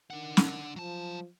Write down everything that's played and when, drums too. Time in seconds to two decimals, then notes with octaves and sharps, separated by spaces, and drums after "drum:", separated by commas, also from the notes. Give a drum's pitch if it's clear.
0.10 D#3 D4 F#5
0.37 drum: snare
0.76 F3 F#3 A5